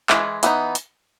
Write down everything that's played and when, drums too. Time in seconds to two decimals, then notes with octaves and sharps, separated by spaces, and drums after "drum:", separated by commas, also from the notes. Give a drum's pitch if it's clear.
0.10 E3 G#3, drum: clap
0.43 E3 B3 D#4, drum: hi-hat
0.75 drum: hi-hat